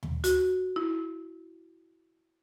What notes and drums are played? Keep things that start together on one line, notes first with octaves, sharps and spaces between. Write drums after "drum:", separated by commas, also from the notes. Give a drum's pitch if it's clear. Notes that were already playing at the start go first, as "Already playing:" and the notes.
drum: tom D#2
F#4, drum: hi-hat
E4